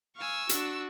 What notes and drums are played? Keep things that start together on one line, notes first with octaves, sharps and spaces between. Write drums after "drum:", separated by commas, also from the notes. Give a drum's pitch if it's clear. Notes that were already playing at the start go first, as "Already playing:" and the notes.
F5 G#5 C#6 E6
D4 F#4, drum: hi-hat